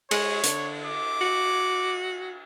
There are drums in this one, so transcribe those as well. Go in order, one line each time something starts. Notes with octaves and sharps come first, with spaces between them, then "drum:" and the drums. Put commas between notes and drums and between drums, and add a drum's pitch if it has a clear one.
G#3 C#5, drum: cymbal
D3, drum: hi-hat
D6
F#4